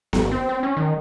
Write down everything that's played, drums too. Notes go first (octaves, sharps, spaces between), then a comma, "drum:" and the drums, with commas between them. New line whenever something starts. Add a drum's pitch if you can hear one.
G1, drum: snare B3
C4
C4
C#4
D#3